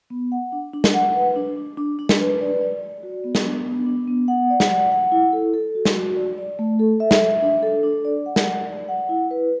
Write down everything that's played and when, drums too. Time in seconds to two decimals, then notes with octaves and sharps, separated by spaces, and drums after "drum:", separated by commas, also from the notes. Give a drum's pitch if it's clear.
0.10 B3
0.32 F#5
0.52 D4
0.74 D4
0.84 drum: snare
0.94 F#5
1.15 B4
1.36 D4
1.57 D4
1.77 D4
1.99 D4
2.09 drum: snare
2.20 B4
2.41 D5
2.61 D5
2.83 D5
3.03 F#4
3.24 B3
3.35 drum: snare
3.45 D4
3.66 B3
3.86 D4
4.08 B3
4.28 F#5
4.50 D5
4.60 drum: snare
4.70 F#5
4.92 F#5
5.12 E4
5.33 A4
5.54 A4
5.75 F#4
5.85 drum: snare
5.95 F#4
6.17 D5
6.38 D5
6.59 A3
6.80 A4
7.00 E5
7.11 drum: snare
7.22 E5
7.42 D4
7.62 A4
7.83 D4
8.05 D5
8.26 F#5
8.36 drum: snare
8.47 D5
8.67 D5
8.88 F#5
9.09 E4
9.31 B4